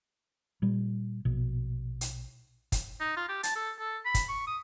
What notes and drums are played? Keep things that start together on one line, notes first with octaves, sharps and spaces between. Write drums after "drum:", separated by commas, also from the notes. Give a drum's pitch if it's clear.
A#2 G3
A#1 B2
drum: hi-hat
drum: kick, hi-hat
D#4
F4
G4
A5, drum: hi-hat
A4
A4
B5
drum: kick, hi-hat
C#6
D#6